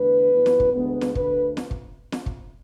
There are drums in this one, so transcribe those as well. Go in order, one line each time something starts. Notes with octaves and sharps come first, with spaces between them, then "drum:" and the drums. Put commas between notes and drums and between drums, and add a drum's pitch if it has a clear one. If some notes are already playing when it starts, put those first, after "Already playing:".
Already playing: E2 D3 A3 B4
F#2 E3 B3
drum: snare
drum: kick
D2 D3 G#3 B3
drum: snare
D2 D3 A3 B4, drum: kick
drum: snare
drum: kick
drum: snare
drum: kick